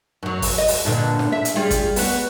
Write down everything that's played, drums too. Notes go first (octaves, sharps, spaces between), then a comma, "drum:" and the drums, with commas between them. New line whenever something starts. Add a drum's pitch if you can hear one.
F#2 F#3
drum: kick G#1, open hi-hat
D#5
drum: open hi-hat
G2 A#2 D3
drum: snare
E5
drum: hi-hat
G3 F4 G#4
drum: kick G#1, hi-hat
B3 F#4, drum: open hi-hat